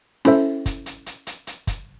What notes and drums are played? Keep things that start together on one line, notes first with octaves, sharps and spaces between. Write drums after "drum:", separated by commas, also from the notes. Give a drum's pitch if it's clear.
C#4 E4 A4 C5 E5, drum: snare
drum: kick, hi-hat
drum: hi-hat
drum: hi-hat
drum: hi-hat
drum: hi-hat
drum: kick, hi-hat